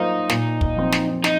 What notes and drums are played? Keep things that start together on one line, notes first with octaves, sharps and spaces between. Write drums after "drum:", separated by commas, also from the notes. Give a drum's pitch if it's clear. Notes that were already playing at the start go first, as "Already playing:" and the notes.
Already playing: F#3 A#3 D#4 F4 C5
A#2, drum: snare
drum: kick
F3 C4
drum: snare
D#4, drum: snare